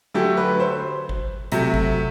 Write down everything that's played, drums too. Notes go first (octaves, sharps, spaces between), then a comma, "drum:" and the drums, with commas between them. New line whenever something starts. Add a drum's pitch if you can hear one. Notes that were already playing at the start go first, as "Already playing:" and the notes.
D3 F#3 A3 G4
B4
C5
drum: kick G#1
C3 F#3 A3, drum: hi-hat
drum: kick G#1